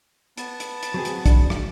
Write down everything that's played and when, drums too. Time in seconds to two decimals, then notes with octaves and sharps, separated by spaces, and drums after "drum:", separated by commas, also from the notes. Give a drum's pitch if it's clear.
0.38 B3 A5, drum: hi-hat
0.60 drum: hi-hat
0.83 drum: hi-hat
0.94 F#3 C4 G#4
1.05 drum: hi-hat
1.26 D4, drum: kick, hi-hat
1.50 drum: rim click